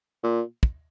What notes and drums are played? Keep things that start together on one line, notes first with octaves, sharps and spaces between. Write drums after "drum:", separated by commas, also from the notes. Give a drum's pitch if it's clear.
A#2
drum: kick